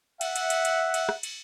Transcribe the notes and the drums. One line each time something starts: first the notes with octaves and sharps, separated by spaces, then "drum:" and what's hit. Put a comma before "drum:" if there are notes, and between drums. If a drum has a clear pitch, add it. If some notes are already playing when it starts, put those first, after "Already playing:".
E5 F#5, drum: cymbal
drum: cymbal
drum: cymbal
drum: cymbal
drum: cymbal
drum: rim click
drum: cymbal